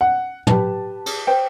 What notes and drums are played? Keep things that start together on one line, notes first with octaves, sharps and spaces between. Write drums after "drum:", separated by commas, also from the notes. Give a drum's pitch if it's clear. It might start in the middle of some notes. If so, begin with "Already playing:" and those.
F#5
G4 B4 A5, drum: tom
G#4, drum: cymbal
C5 G5